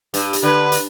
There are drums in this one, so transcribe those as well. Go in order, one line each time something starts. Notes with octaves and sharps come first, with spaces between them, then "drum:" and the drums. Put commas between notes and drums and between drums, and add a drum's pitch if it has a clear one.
G2, drum: hi-hat
drum: hi-hat
D3 B4
drum: hi-hat